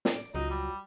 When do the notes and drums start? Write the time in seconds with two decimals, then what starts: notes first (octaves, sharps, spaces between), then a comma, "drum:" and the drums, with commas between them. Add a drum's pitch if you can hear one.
0.05 drum: snare
0.15 D5
0.35 C#2 F#3 D#4 F4
0.50 G3